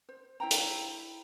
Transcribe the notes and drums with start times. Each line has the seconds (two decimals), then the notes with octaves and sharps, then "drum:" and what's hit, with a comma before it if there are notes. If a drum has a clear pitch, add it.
0.09 C5
0.40 E4 C5 G5 A#5
0.51 drum: hi-hat